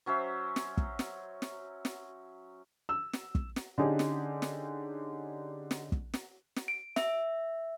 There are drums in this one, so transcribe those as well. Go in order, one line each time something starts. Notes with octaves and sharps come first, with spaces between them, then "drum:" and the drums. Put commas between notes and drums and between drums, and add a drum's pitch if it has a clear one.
F#3 C#4 C5 E5
drum: snare
drum: kick
drum: snare
drum: snare
drum: snare
E6
drum: snare
drum: kick
drum: snare
D3 C#4 D#4 G4 G#4
drum: snare
drum: snare
drum: snare
drum: kick
drum: snare
drum: snare
D7
E5, drum: snare